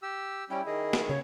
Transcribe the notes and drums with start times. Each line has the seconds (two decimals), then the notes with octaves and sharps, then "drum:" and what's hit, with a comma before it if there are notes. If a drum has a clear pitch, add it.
0.03 G4 E6
0.50 G3 C#4 E4 G5
0.66 D#3 G#4 D#5
0.93 drum: snare
1.09 C#3 C#5